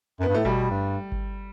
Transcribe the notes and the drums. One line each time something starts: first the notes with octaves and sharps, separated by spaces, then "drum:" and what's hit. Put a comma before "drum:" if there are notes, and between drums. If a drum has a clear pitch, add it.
F#2 B3
G2
A2 A3
B2 G3, drum: kick G1
G2
drum: kick G1